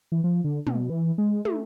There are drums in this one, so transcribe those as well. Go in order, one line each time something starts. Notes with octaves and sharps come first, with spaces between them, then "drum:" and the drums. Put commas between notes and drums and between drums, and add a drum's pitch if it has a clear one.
E3
F3
D3
B2, drum: tom
E3
G#3
A3, drum: tom